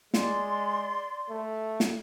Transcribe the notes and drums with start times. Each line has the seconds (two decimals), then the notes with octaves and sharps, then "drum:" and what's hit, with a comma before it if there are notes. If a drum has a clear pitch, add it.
0.14 G#3 D5 C6, drum: snare
1.30 A3
1.80 drum: snare